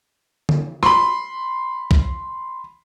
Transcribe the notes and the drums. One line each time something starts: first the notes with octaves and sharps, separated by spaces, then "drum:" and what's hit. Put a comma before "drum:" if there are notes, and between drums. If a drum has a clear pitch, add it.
drum: tom D3
B5 C6, drum: rim click
drum: kick